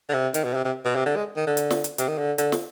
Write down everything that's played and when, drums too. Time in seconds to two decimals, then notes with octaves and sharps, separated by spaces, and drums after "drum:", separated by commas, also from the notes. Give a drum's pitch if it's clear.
0.09 D3
0.14 C3
0.34 D#3, drum: hi-hat
0.44 B2
0.54 C3
0.65 C3
0.85 B2
0.96 C3
1.06 D3
1.16 G#3
1.36 D#3
1.47 D3
1.57 drum: hi-hat
1.71 drum: snare
1.84 drum: hi-hat
1.98 C3, drum: hi-hat
2.08 D#3
2.18 D3
2.38 D3, drum: hi-hat
2.52 drum: snare